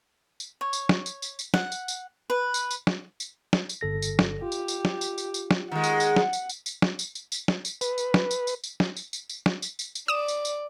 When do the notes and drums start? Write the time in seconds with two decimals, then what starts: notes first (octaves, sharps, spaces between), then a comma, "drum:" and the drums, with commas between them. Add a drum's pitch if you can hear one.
0.40 drum: tambourine
0.61 C#5
0.73 drum: tambourine
0.89 drum: snare
1.06 drum: tambourine
1.22 drum: tambourine
1.39 drum: tambourine
1.54 F#5, drum: snare
1.72 drum: tambourine
1.88 drum: tambourine
2.30 B4
2.54 drum: tambourine
2.71 drum: tambourine
2.87 drum: snare
3.20 drum: tambourine
3.53 drum: snare
3.69 drum: tambourine
3.81 G1 A4 A#6
4.02 drum: tambourine
4.19 drum: snare
4.42 F4 G4
4.52 drum: tambourine
4.68 drum: tambourine
4.85 drum: snare
5.01 drum: tambourine
5.18 drum: tambourine
5.34 drum: tambourine
5.51 drum: snare
5.72 D#3 G#3 F#5
5.84 drum: tambourine
6.00 drum: tambourine
6.16 drum: snare
6.33 drum: tambourine
6.49 drum: tambourine
6.66 drum: tambourine
6.82 drum: snare
6.99 drum: tambourine
7.15 drum: tambourine
7.32 drum: tambourine
7.48 drum: snare
7.65 drum: tambourine
7.81 B4, drum: tambourine
7.98 drum: tambourine
8.14 drum: snare
8.31 drum: tambourine
8.47 drum: tambourine
8.64 drum: tambourine
8.80 drum: snare
8.97 drum: tambourine
9.13 drum: tambourine
9.29 drum: tambourine
9.46 drum: snare
9.62 drum: tambourine
9.79 drum: tambourine
9.95 drum: tambourine
10.08 D5 D#6 E7
10.28 drum: tambourine
10.45 drum: tambourine